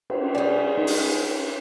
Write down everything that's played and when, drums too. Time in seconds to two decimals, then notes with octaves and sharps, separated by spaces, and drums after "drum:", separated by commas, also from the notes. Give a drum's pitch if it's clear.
0.10 drum: cymbal
0.35 G3 C#4 G#4 C#5 D5
0.78 D#4
0.87 drum: open hi-hat